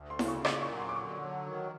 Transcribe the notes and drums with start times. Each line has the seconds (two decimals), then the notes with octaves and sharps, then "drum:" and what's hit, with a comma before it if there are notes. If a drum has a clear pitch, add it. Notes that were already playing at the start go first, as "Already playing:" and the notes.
Already playing: D2
0.10 C6
0.19 C#3, drum: snare E4
0.28 C#6
0.45 A#2 D6, drum: rim click
0.62 C#6
0.70 F#3
0.79 C6
0.89 D6
0.95 D3 C#6
1.21 F#3
1.46 D#3